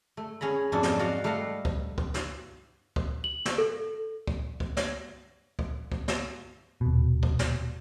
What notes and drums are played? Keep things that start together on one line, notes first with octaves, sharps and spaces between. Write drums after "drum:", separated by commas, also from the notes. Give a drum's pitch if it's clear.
A3
C#4 G#4 A#5 B5
F2 G#2 F#3 A3 C#4 D4
drum: snare
F#4 A#4 D5 D#5 F5
G3 A3 D#4 A#4 F5 F#5
drum: kick
drum: kick
drum: snare
drum: kick
F#7
drum: snare
A4
drum: kick
drum: kick
drum: snare
drum: kick
drum: kick
drum: snare
D#1 B2
drum: kick
drum: snare